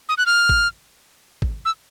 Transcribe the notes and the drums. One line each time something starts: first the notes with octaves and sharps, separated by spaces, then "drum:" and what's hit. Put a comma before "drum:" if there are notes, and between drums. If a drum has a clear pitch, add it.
D#6
F#6
F6
drum: kick G#1
drum: kick G#1
E6